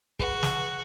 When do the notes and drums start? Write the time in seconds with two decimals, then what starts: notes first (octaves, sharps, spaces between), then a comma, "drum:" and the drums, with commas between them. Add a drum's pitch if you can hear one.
0.19 F#4 G#4 B4, drum: kick
0.43 drum: snare